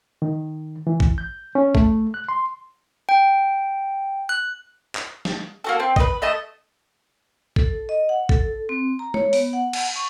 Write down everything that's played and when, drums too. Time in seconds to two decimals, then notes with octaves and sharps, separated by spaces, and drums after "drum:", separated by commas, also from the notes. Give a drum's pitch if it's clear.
0.22 D#3
0.87 E3
1.00 drum: kick A1
1.18 G6
1.55 C#4
1.75 A3, drum: kick A1
2.14 F#6
2.29 C6
3.09 G5
4.29 F#6
4.95 drum: clap
5.25 drum: snare
5.64 A#3 F#4 A4
5.80 C4
5.96 B4 D#5, drum: kick A1
6.22 A3 D#5 E5 A5
7.56 A4, drum: kick A1
7.89 D#5
8.09 F#5
8.29 A4, drum: kick A1
8.69 C4
8.99 A#5
9.14 C#5, drum: tom G#3
9.33 B3, drum: open hi-hat
9.53 F#5
9.73 drum: cymbal
9.96 C#6